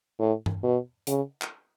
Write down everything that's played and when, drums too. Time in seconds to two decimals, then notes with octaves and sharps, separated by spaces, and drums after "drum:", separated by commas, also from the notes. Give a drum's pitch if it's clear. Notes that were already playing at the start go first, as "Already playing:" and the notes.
0.19 A2
0.46 drum: tom G2
0.63 B2
1.07 C#3, drum: hi-hat
1.42 drum: clap